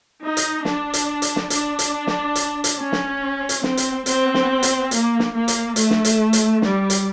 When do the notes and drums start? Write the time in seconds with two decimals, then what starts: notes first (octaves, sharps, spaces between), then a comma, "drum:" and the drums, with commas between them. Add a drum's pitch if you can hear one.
0.22 D#4
0.37 drum: hi-hat
0.65 D4, drum: snare
0.93 drum: hi-hat
1.22 drum: hi-hat
1.36 drum: snare
1.50 D4, drum: hi-hat
1.79 drum: hi-hat
2.07 drum: snare
2.35 drum: hi-hat
2.64 drum: hi-hat
2.78 C#4
2.92 drum: snare
3.49 drum: hi-hat
3.63 C4, drum: snare
3.77 drum: hi-hat
4.06 C4, drum: hi-hat
4.34 drum: snare
4.63 drum: hi-hat
4.91 A#3, drum: hi-hat
5.19 drum: snare
5.34 A#3
5.48 drum: hi-hat
5.76 A3, drum: hi-hat
5.90 drum: snare
6.05 drum: hi-hat
6.33 drum: hi-hat
6.62 G3, drum: snare
6.90 drum: hi-hat